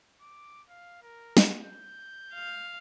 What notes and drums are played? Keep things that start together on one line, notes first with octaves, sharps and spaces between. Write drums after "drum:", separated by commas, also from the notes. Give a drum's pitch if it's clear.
D6
F5
A#4
drum: snare
G6
F5